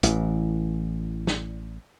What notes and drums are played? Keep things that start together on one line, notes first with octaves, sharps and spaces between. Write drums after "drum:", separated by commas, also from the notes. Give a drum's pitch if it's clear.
A1 E3, drum: hi-hat
drum: snare